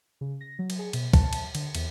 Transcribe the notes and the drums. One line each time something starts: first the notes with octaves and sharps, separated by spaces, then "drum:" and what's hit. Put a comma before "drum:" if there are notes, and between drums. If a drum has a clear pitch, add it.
C#3
A#6
F#3
drum: cymbal
G#4
B2, drum: cymbal
A5, drum: kick, cymbal
drum: cymbal
D3, drum: cymbal
E2, drum: cymbal